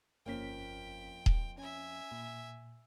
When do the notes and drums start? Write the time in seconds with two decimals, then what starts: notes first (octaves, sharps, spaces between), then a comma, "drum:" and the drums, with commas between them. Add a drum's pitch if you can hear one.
0.26 G1 F2 A#3 C#4 G5 B6
1.26 drum: kick D#1
1.58 C#4 E5 G#5
2.11 A#2